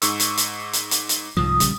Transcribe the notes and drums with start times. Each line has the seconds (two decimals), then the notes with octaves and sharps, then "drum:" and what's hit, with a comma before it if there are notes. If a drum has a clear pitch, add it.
0.02 G#2 C#6 E6, drum: hi-hat
0.20 drum: hi-hat
0.37 drum: hi-hat
0.73 drum: hi-hat
0.91 drum: hi-hat
1.09 drum: hi-hat
1.37 C2 G#2 F3 D#6
1.60 A#1 C#3 G3, drum: hi-hat